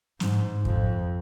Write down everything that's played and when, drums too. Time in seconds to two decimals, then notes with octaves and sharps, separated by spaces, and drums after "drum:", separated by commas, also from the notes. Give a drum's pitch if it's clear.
0.20 G#2, drum: snare
0.65 F2, drum: kick